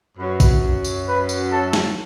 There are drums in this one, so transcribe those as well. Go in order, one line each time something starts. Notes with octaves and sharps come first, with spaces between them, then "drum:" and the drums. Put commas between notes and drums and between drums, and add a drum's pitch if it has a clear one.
F#2 F#3 B4
drum: kick A#1, tambourine
drum: tambourine
B4
drum: tambourine
A4
drum: snare